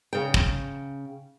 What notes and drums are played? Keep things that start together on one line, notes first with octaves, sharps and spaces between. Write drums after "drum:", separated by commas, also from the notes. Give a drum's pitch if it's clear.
C#3 G5
drum: kick